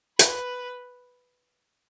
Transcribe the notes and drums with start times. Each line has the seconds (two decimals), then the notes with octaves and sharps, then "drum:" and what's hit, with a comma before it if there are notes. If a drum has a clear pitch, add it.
0.19 B4, drum: hi-hat